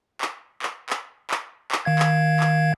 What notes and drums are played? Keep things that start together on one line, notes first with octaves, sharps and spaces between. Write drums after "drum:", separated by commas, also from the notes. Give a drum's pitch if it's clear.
drum: clap
drum: clap
drum: clap
drum: clap
drum: clap
D#3 F5 G#6
drum: clap
drum: clap